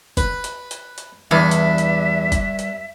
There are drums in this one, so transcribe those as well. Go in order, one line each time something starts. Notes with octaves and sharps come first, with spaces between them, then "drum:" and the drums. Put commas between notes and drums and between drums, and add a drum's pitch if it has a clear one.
B4, drum: kick, hi-hat
drum: hi-hat
drum: hi-hat
drum: hi-hat
E2 G2 D4 E5
drum: hi-hat
drum: hi-hat
drum: kick, hi-hat
drum: hi-hat